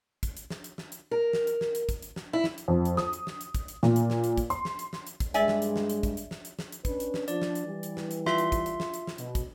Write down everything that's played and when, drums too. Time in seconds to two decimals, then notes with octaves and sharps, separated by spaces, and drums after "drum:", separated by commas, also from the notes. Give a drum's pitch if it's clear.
0.23 drum: kick, hi-hat
0.37 drum: hi-hat
0.50 drum: snare
0.64 drum: hi-hat
0.78 drum: snare
0.92 drum: hi-hat
1.11 A#4
1.33 drum: snare
1.47 drum: hi-hat
1.61 drum: snare
1.75 drum: hi-hat
1.89 drum: kick, hi-hat
2.02 drum: hi-hat
2.16 drum: snare
2.33 E4
2.44 drum: snare
2.58 drum: hi-hat
2.68 F2
2.85 drum: hi-hat
2.97 D#6, drum: snare
3.13 drum: hi-hat
3.27 drum: snare
3.41 drum: hi-hat
3.55 drum: kick, hi-hat
3.68 drum: hi-hat
3.83 A#2, drum: snare
3.96 drum: hi-hat
4.10 drum: snare
4.24 drum: hi-hat
4.37 drum: kick, hi-hat
4.50 C6, drum: hi-hat
4.65 drum: snare
4.79 drum: hi-hat
4.93 drum: snare
5.07 drum: hi-hat
5.20 drum: kick, hi-hat
5.34 G2 G#3 D5 E5 G#5, drum: hi-hat
5.48 drum: snare
5.62 drum: hi-hat
5.76 drum: snare
5.90 drum: hi-hat
6.03 drum: kick, hi-hat
6.17 drum: hi-hat
6.31 drum: snare
6.45 drum: hi-hat
6.59 drum: snare
6.72 drum: hi-hat
6.85 C#4 D4 B4, drum: kick, hi-hat
7.00 drum: hi-hat
7.14 drum: snare
7.28 F3 D4 D5, drum: hi-hat
7.42 drum: snare
7.55 drum: hi-hat
7.66 E3 G3
7.83 drum: hi-hat
7.97 drum: snare
8.11 drum: hi-hat
8.26 F4 E5 C6, drum: snare
8.38 drum: hi-hat
8.52 drum: kick, hi-hat
8.66 drum: hi-hat
8.80 drum: snare
8.94 drum: hi-hat
9.07 drum: snare
9.18 B2, drum: hi-hat
9.35 drum: kick, hi-hat